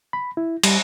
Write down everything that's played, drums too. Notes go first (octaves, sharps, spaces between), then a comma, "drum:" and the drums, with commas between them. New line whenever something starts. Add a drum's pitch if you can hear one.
B5
E4
G3, drum: cymbal